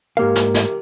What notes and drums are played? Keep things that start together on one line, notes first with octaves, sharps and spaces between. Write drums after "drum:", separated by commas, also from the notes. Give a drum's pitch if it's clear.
G#2 A#3 G4 A#4 F5
drum: snare
drum: snare